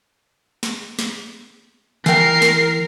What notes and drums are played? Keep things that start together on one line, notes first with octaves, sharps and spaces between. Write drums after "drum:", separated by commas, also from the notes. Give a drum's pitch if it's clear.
drum: snare
drum: snare
E3 A#4 G5 C7, drum: snare
drum: snare